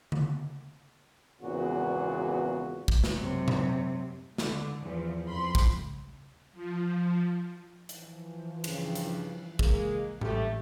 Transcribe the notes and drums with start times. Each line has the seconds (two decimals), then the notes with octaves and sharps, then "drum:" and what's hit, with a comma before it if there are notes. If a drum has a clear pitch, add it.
0.12 drum: tom D3
1.42 G#1 E2 A#2 C#3 B3 F#4
2.88 drum: kick
3.04 drum: snare
3.16 F#2 C3
3.48 drum: tom A#2
4.38 D3, drum: snare
4.81 E2 F3
5.28 F2 F3 B5 C6
5.55 drum: kick
6.53 F3
7.89 E3 F3, drum: hi-hat
8.64 G2 C#3, drum: cymbal
8.95 drum: hi-hat
9.59 G#3 A#3 G#4, drum: kick
10.21 A1 A#2 G3 A3 G4, drum: tom A2